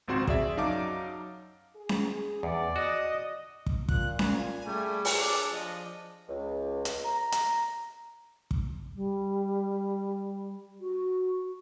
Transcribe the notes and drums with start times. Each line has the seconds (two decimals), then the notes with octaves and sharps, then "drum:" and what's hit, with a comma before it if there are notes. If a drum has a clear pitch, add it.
0.08 G#1 C#2 C4 F#4 C6 E7
0.27 G#4 D5 E5, drum: kick
0.57 F#2 F#3 D#4 F5 A5 D6
1.76 G#4
1.89 drum: snare C#4
2.43 E2 D5
2.76 F#4 D#5
3.66 drum: kick
3.89 A#2 F4 F#6, drum: kick
4.19 G#5, drum: snare C#4
4.67 G3 A3 G#4
5.05 drum: open hi-hat
5.17 D4 D5 D6
5.52 F3 D#5
6.28 C#2
6.85 drum: hi-hat
7.04 A#5
7.32 drum: hi-hat
8.51 drum: kick
8.94 G3
10.80 F#4